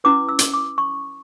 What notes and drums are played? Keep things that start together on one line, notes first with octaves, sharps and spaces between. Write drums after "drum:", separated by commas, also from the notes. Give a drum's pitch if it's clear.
C#4 E4 B4 D6
E6
drum: hi-hat
D6
C#6